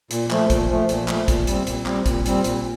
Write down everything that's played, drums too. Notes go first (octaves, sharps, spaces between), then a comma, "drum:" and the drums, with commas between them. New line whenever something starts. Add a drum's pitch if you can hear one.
A#2, drum: hi-hat
F3 A3, drum: clap
A#2, drum: kick A#1, hi-hat
F3 A3
A#2, drum: hi-hat
F3 A3, drum: clap
A#2, drum: kick A#1, hi-hat
G3 C4, drum: hi-hat
A#2, drum: hi-hat
G3 C4, drum: clap
A#2, drum: kick A#1, hi-hat
G3 C4, drum: hi-hat
A#2, drum: hi-hat